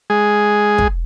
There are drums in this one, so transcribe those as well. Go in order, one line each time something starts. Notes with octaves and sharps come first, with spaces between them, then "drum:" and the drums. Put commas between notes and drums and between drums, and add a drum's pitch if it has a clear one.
G#3 G#4
drum: kick